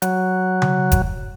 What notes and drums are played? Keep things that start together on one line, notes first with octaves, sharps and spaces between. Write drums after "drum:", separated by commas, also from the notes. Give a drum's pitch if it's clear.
F#3, drum: hi-hat
drum: tom C#3
drum: kick F1, hi-hat